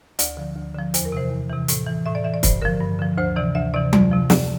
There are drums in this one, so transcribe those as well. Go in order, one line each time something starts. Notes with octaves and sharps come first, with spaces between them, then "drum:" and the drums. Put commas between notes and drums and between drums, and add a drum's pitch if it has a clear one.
D2 D5, drum: hi-hat
D3 F3
D2
D3 F3
E2 C5, drum: hi-hat
A#4
C3 E3 C5
E2
C3 E3
A2, drum: hi-hat
E3
A2 E5
D5
E3 E5
D5
G2 C5, drum: kick, hi-hat
D3 F3 A#4
G2
D3 F3
D2 C5
C3 E3 D5
D2 E5
C3 E3 D5
F2 D5, drum: tom F#3
C3 F3
F2 D5, drum: snare